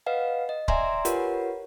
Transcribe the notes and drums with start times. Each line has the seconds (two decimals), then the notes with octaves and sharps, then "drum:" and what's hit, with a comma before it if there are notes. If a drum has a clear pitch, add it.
0.06 B4 D#5 F5 F#5
0.49 D#5
0.68 D5 E5 G#5 A#5 C6, drum: kick C#1
1.05 F4 G4 A#4 B4 C#5 F#5, drum: hi-hat